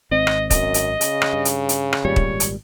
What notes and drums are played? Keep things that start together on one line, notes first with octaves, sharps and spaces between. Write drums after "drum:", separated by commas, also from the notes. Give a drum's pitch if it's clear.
G#1 C4 D#5
drum: rim click
F#2 D#5, drum: kick, hi-hat
drum: hi-hat
C#3, drum: hi-hat
drum: rim click
G2
drum: hi-hat
drum: hi-hat
drum: rim click
G#1 A#2 G3 C#5
drum: kick
drum: hi-hat